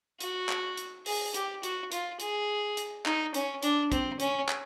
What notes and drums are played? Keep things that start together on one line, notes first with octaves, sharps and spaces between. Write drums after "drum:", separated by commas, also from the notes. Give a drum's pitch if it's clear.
F#4, drum: hi-hat
drum: clap
drum: hi-hat
G#4, drum: open hi-hat
G4, drum: hi-hat
F#4, drum: hi-hat
F4, drum: hi-hat
G#4, drum: hi-hat
drum: hi-hat
D#4, drum: clap
C#4, drum: hi-hat
D4, drum: hi-hat
C4, drum: kick, hi-hat
C#4, drum: hi-hat
drum: clap